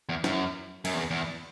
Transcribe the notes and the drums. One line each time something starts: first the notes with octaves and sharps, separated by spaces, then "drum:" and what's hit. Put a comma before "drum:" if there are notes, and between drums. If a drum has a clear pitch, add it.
E2
F#2, drum: snare
F#2, drum: cymbal
E2
E2